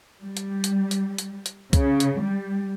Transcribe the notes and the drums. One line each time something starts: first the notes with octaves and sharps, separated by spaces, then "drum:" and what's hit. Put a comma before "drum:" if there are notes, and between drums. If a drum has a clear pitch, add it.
G3
drum: hi-hat
drum: hi-hat
drum: hi-hat
drum: hi-hat
drum: hi-hat
C#3, drum: kick C2, hi-hat
drum: hi-hat
G3